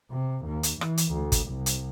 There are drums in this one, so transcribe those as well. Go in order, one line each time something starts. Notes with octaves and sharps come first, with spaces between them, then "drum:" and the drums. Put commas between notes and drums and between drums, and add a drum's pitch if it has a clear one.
C3
D#2
drum: hi-hat
E3, drum: rim click
drum: hi-hat
D2
drum: kick, hi-hat
C2
drum: hi-hat